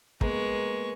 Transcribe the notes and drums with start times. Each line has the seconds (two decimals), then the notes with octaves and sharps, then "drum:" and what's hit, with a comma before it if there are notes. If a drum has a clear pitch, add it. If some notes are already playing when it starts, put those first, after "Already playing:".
0.21 G#3 A#3 B3 C#6, drum: kick